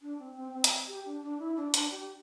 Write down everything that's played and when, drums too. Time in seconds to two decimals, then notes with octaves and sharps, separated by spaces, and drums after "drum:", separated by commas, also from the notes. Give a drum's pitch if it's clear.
0.01 D4
0.19 C4
0.36 C4
0.53 C4
0.64 drum: hi-hat
0.87 G4
1.05 D4
1.22 D4
1.39 E4
1.57 D4
1.74 D4, drum: hi-hat
1.91 G4